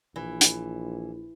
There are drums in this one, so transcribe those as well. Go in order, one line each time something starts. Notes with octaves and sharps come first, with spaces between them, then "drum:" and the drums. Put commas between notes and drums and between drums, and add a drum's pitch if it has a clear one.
A#1 E3
drum: hi-hat